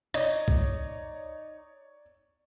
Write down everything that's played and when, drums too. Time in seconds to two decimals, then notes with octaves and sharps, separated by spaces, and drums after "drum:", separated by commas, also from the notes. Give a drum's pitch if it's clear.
0.14 D#4 C#5 D5, drum: rim click
0.48 drum: kick C2